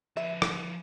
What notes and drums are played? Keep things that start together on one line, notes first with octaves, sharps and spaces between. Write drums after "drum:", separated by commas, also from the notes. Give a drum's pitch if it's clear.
F3 B4 E5
drum: rim click